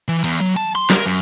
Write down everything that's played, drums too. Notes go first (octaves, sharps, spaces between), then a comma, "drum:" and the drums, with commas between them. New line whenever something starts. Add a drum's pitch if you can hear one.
E3
E2, drum: cymbal
F#3
A5
C6
A#4, drum: snare
F#2